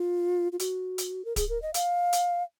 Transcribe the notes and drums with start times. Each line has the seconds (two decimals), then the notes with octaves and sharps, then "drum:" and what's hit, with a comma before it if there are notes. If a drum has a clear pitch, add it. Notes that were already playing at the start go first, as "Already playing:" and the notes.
Already playing: F4
0.52 F4
0.59 F#4, drum: hi-hat
0.98 drum: hi-hat
1.25 A#4
1.36 G#4, drum: kick D1, hi-hat
1.49 A#4
1.62 D#5
1.74 F5, drum: hi-hat
2.13 drum: hi-hat